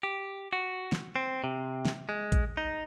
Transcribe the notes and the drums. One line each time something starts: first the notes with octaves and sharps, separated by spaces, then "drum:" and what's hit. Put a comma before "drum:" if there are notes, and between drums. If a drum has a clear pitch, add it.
G4
F#4
drum: snare
C4
C3
drum: snare
G#3
drum: kick, hi-hat
D#4